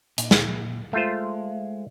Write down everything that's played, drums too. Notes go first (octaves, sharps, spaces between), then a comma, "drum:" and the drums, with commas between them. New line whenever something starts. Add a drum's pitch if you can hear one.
A#2, drum: hi-hat
drum: snare
G#3 A3 F4 C5